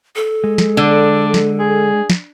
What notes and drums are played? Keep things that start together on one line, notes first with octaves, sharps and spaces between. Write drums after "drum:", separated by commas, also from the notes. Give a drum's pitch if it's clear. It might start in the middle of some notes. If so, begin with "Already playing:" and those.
A4
G#3
drum: snare
D3 D4
drum: snare
G#4
drum: snare